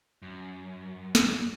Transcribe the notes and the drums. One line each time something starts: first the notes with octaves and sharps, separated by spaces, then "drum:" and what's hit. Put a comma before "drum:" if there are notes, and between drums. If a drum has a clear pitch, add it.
F#2
drum: snare